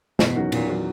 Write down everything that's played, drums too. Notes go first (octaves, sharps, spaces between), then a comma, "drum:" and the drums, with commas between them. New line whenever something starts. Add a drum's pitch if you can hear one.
E2 B2, drum: snare
D#3 F#3 C#4 F#4
E2 A#2, drum: cymbal
D#3 F#3 C#4 F#4